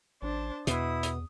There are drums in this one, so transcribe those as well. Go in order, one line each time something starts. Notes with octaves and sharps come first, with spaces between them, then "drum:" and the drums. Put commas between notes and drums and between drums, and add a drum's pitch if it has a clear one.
A1 D4 C5 A5
E2 B2 E4 D#6, drum: hi-hat
drum: hi-hat